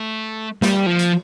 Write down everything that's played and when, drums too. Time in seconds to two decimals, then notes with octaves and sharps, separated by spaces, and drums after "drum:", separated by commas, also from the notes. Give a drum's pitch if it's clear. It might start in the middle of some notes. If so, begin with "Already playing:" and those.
Already playing: A3
0.62 G3, drum: snare
0.86 F3
0.99 drum: hi-hat